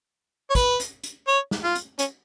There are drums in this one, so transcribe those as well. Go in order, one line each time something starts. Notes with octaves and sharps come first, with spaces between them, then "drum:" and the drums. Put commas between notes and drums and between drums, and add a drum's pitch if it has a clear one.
C#5
B4, drum: kick, hi-hat
drum: hi-hat
drum: hi-hat
C#5
drum: snare
F4
drum: hi-hat
C#4, drum: hi-hat